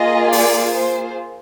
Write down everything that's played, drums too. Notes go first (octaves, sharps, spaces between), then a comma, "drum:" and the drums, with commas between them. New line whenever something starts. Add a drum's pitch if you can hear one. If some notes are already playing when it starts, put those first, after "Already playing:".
Already playing: A#3 F4 G#4 D#5
D5, drum: open hi-hat
C5